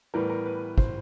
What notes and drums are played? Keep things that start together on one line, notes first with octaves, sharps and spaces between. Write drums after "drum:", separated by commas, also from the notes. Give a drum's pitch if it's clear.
A2 E3 G3 B3 A#4
A#4
B4
C5, drum: kick